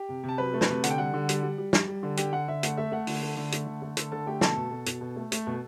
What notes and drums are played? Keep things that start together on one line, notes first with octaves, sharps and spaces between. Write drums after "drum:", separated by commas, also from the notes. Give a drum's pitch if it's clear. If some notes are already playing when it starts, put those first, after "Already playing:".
Already playing: G4 G5
C3
C3 A5
F#3 B4 B5
A3
B4 B5, drum: snare
C3
D3 F#5, drum: hi-hat
G5
G3 F#5
D3
G3, drum: hi-hat
G3
G3
G3, drum: snare
G3
D3
D3 G4 G5, drum: hi-hat
D3 F#5
D3 E5
A3 F#5, drum: hi-hat
A3 E5
A3 F#5
D3, drum: open hi-hat
A3
D3
A3, drum: hi-hat
D3
A3
D3 A4 A5, drum: hi-hat
D3 A4 A5
A3 G4 G5
B2 A4 A5, drum: snare
B2
B2
B2, drum: hi-hat
B2
A3
A3, drum: hi-hat
B2